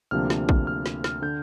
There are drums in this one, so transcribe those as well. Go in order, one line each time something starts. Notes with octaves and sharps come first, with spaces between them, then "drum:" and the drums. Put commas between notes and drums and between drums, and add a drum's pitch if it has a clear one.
D2 C3 F3 A#3 D4 F6
drum: snare
drum: kick
F6
drum: snare
F6, drum: snare
D3 G6